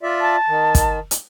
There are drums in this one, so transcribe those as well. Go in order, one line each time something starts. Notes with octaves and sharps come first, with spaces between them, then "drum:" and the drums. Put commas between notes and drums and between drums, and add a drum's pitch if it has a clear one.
F4 D5 E5
A5
D#3
drum: kick, hi-hat
drum: hi-hat